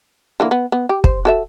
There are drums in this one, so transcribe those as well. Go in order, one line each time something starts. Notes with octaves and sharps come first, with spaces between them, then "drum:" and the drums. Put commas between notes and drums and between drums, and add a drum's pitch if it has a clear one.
D3 E3 A#3
B3
B3
G4
C5, drum: kick
F#4 A4 E5